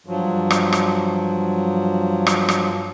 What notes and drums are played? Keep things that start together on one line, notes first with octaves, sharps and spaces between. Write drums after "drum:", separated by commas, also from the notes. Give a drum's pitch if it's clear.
G2 F3 F#3
drum: rim click
drum: rim click
drum: rim click
drum: rim click